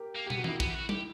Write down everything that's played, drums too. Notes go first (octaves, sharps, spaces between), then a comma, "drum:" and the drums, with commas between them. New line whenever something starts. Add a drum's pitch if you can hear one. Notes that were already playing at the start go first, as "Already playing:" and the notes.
Already playing: G4 A#4
A#3
G4
B3, drum: tom
F#4
A#3 E4, drum: tom E3
B3, drum: kick
G4
F#4
G4, drum: tom G3